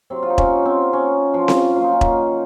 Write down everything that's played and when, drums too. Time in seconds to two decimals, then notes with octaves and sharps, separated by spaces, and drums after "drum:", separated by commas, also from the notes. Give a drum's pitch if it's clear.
0.10 C3 F#3 C4
0.23 F4
0.30 D#4
0.38 C#4, drum: kick E1
0.65 C4
0.93 C#4
1.34 F3 F4
1.48 drum: snare C4
1.76 A#2 F#3 F4
1.84 D#4
1.93 C#4
2.01 D#3 D#4, drum: kick E1